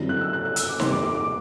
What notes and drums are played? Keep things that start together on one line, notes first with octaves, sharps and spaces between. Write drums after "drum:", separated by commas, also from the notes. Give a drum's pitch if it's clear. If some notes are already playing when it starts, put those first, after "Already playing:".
Already playing: F#2 D3 G3 C4 E4
F#6
E6
F#6
F#6
E6, drum: hi-hat
D6
E2 C3 G3 C6, drum: snare D#4
D6
D6
D6